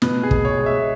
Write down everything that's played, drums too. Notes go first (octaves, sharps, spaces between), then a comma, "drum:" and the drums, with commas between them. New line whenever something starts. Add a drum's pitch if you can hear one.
B2 B4, drum: snare
G#4
B2, drum: kick
C#5
G#3
E5